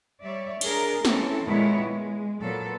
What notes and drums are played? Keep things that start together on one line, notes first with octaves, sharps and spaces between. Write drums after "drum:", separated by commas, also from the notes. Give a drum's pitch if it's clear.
G3 C#5 D5 E5
D4 G#4 A#4, drum: cymbal
E3 C4 C#4 E4 A4, drum: snare
A#2 D#3 G#3 B3 E4 C#5
G#3
A#2 F#3 B3 A4